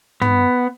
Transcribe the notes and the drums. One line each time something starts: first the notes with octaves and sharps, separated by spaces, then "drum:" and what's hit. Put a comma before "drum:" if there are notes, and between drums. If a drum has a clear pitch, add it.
B3, drum: tom